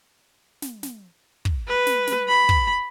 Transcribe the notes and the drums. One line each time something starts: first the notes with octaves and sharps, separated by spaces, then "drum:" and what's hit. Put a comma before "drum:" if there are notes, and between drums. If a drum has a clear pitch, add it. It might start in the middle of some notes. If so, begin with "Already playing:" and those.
drum: snare
drum: snare
drum: kick
B4
drum: snare
drum: snare
B5
drum: kick